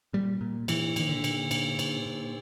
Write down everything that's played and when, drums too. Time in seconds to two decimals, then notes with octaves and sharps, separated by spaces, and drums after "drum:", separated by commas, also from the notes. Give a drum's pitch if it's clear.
0.13 A#2 G3
0.41 A#2
0.68 A#2 E3, drum: cymbal
0.96 A#2 D#3, drum: cymbal
1.09 D3
1.24 A#2, drum: cymbal
1.51 A#2, drum: cymbal
1.79 A#2, drum: cymbal
2.06 A#2